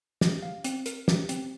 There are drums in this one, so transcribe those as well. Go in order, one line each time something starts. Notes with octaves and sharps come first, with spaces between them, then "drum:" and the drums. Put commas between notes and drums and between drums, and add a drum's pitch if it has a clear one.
G4, drum: snare
F5
C4, drum: hi-hat
A#4, drum: hi-hat
G4, drum: snare
C4, drum: hi-hat